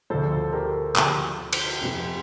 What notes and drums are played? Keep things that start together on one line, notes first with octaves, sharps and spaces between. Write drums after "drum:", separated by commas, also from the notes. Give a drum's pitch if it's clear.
D2 D3 F3 A4 C5
A4
G4 A#4
D2 D3 F3 G4, drum: clap
drum: cymbal
F1 F2 C3 F3